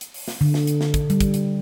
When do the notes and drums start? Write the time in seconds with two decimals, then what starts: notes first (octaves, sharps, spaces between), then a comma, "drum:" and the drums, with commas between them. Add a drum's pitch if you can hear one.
0.01 drum: hi-hat
0.14 drum: open hi-hat
0.28 drum: snare
0.41 D3
0.54 drum: snare
0.67 drum: hi-hat
0.81 drum: snare
0.94 drum: kick, hi-hat
1.10 G3, drum: hi-hat
1.21 drum: kick, hi-hat
1.34 drum: hi-hat